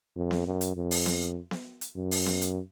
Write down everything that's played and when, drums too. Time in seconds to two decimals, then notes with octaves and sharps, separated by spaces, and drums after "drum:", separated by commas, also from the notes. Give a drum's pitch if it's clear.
0.16 F2
0.31 drum: snare B3
0.46 F#2
0.61 drum: hi-hat
0.76 F2
0.91 drum: open hi-hat
1.06 drum: snare B3
1.51 drum: snare B3
1.81 drum: hi-hat
1.96 F#2
2.11 drum: open hi-hat
2.26 drum: snare B3
2.41 drum: hi-hat